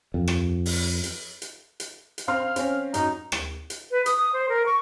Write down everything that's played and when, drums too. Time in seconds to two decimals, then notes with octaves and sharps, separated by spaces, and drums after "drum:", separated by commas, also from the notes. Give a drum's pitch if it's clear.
0.14 F2
0.28 drum: rim click
0.66 drum: open hi-hat
1.04 drum: hi-hat
1.42 drum: hi-hat
1.80 drum: hi-hat
2.18 drum: hi-hat
2.28 C4 F5 C6 F6
2.56 C4 C#4, drum: hi-hat
2.94 F#2 D#4, drum: hi-hat
3.32 drum: rim click
3.70 drum: hi-hat
3.91 B4
4.06 D#6, drum: hi-hat
4.17 D#6
4.33 C5
4.49 A#4
4.66 C#6